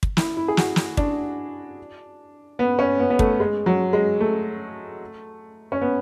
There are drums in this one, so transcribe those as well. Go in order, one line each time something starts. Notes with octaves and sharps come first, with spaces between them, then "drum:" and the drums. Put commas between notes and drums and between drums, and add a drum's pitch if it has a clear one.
drum: kick
E4, drum: snare
E4
G#4
F#4, drum: snare
drum: snare
D4, drum: kick
B3
C#4
B3
B3
A3, drum: kick
G#3
F#3
G#3
A3
C#4
B3